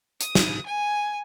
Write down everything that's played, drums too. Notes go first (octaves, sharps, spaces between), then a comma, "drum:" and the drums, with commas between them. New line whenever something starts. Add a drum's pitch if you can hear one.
D#6, drum: hi-hat
drum: snare
G#5